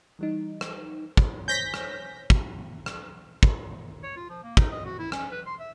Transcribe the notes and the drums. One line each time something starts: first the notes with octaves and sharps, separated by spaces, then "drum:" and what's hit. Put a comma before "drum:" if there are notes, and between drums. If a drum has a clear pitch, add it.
E3 G3 D#4
drum: rim click
drum: kick
C5 C#5 G#5 G6 A#6 B6
drum: rim click
drum: kick
drum: rim click
drum: kick
C#5
F4
F3
A#3
D#4, drum: kick
D#5
F#4
E4
C#4, drum: rim click
B4
C6
E5